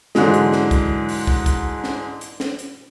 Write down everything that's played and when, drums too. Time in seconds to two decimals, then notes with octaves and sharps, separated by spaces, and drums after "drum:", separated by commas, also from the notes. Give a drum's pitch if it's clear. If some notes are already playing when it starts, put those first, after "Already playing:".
0.15 G#2 D3 E3 F#3 G#3, drum: snare
0.34 drum: hi-hat
0.52 drum: snare
0.71 drum: kick, hi-hat
1.09 drum: open hi-hat
1.27 drum: kick
1.46 drum: kick, hi-hat
1.84 drum: snare
2.21 drum: hi-hat
2.40 drum: snare
2.59 drum: hi-hat